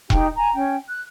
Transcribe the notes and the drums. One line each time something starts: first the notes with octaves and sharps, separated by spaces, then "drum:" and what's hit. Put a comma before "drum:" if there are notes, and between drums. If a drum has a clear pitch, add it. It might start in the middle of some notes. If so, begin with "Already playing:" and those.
D#4 G4 G5, drum: kick E1
G#5 A#5
C#4 G5
F#6